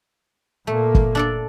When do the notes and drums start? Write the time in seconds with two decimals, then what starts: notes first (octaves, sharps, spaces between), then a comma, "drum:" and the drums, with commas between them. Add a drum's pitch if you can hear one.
0.67 A#2 A3 A#3
0.95 drum: kick
1.15 D4 A4 D5